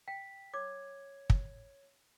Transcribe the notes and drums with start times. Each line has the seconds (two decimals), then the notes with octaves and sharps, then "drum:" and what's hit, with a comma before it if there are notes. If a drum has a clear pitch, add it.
0.08 G5 B6
0.54 C#5 D6 G#6
1.30 drum: kick